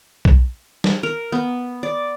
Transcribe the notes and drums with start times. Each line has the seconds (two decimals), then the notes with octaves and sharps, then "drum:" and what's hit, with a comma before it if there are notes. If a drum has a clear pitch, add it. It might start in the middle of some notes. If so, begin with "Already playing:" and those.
0.25 drum: kick B1
0.84 drum: snare
1.03 A#4
1.32 B3
1.83 D5